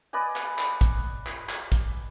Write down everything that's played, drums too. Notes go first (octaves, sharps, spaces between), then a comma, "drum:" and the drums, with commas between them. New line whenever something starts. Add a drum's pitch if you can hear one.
B4 D5 D#5 G#5
drum: clap
drum: clap
drum: kick, hi-hat
drum: clap
drum: clap
drum: kick, hi-hat